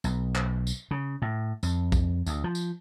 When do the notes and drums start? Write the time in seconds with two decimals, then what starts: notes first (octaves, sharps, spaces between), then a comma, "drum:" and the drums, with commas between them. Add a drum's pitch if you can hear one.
0.04 B1, drum: tambourine
0.35 drum: clap
0.67 drum: tambourine
0.91 C#3
1.22 A2
1.63 F2, drum: tambourine
1.92 drum: kick B1, tambourine
2.27 D2, drum: tambourine
2.44 F3
2.55 drum: tambourine